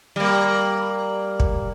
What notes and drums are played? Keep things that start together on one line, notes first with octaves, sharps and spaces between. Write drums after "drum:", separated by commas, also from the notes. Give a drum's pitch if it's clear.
G3 A#3
drum: kick